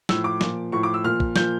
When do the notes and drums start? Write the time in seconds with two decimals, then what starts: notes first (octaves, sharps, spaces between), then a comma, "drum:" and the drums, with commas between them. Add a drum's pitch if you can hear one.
0.09 A2 F3 E6, drum: snare
0.24 D6
0.41 A#2 F3, drum: snare
0.72 A2 F3 C#6
0.83 D6
0.94 E6
1.04 A#2 F3 F6
1.20 drum: kick
1.36 A#2 F3 G6, drum: snare